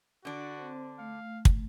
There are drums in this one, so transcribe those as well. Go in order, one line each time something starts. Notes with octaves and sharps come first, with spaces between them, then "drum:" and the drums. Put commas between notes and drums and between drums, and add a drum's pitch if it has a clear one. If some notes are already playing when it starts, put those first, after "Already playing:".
D3 D4 F#4
C4 C5
A3 F5
drum: kick